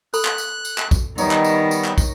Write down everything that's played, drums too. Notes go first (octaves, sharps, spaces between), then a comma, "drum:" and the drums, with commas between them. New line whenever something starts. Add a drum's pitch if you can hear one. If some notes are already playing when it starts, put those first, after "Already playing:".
A4 B5 F#6, drum: tambourine
drum: clap
drum: tambourine
drum: tambourine
drum: clap
drum: kick, tambourine
D#3 G3 B3 D#4 C#5, drum: tambourine
drum: clap
drum: tambourine
drum: tambourine
drum: clap
drum: kick, tambourine